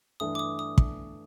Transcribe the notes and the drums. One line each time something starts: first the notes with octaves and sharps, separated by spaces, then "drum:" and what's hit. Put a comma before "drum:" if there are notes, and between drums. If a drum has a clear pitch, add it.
G2 E3 A3 D4 D#6
D6
D#6
D#6
drum: kick